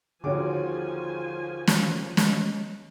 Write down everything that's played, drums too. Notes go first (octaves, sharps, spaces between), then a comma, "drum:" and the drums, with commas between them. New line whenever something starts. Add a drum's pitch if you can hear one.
D#2 D3 F3 F#4 G#4 C#5 G#5 D6
drum: snare
G#3, drum: snare